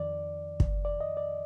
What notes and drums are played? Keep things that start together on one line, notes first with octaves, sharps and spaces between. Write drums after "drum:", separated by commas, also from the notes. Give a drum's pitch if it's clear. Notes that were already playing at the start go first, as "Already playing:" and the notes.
Already playing: F2 D#3 D5
drum: kick
D5
D#5
D5